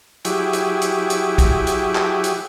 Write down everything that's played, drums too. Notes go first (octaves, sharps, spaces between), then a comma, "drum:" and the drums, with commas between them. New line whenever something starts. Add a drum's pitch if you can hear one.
F#3 E4 G4 G#4, drum: hi-hat
drum: hi-hat
drum: hi-hat
drum: hi-hat
drum: kick, hi-hat
drum: hi-hat
drum: clap
drum: hi-hat